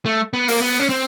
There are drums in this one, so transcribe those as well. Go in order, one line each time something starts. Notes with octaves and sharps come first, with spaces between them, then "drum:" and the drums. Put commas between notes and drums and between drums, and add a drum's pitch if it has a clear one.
A3
B3
A#3, drum: open hi-hat
B3
C#4
C4